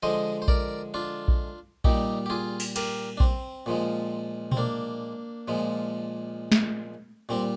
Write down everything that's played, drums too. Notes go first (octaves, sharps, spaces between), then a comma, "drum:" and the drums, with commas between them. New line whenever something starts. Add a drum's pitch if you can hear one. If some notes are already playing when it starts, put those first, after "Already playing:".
D3 F3 G#3 C5 D#5
C5
A#4 D5, drum: kick A#1
D4 F4
drum: kick A#1
A#2 G3 D#4 G4, drum: kick A#1
G4
F4 G#4
drum: open hi-hat
G4 A#4, drum: cymbal
D4
C4, drum: kick A#1
A#2 F3 G#3
C4, drum: tom A#2
A#3 D4
A#2 F3 G#3
drum: snare
A#2 G3 C4